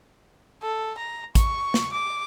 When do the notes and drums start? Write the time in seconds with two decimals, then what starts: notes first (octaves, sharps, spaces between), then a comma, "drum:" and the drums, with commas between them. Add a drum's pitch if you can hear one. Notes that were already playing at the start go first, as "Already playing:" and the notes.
0.62 A4
0.98 A#5
1.35 C#6, drum: kick, hi-hat
1.74 drum: snare
1.93 D6